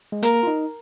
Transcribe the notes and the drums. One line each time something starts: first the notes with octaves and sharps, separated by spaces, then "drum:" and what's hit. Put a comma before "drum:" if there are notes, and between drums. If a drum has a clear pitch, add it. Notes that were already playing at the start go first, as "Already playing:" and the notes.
G#3
A#3 A#4, drum: hi-hat
F4
D#4